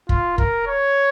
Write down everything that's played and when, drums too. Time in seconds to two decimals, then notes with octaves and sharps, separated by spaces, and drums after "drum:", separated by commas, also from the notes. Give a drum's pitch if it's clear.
0.09 F4, drum: kick
0.38 A#4, drum: kick
0.67 C#5